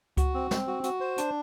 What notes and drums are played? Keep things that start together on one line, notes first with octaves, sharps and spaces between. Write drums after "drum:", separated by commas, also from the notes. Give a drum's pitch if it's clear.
F#4, drum: kick C#2, hi-hat
C4
C4, drum: snare
F#4
F#4, drum: hi-hat
C5
D4, drum: hi-hat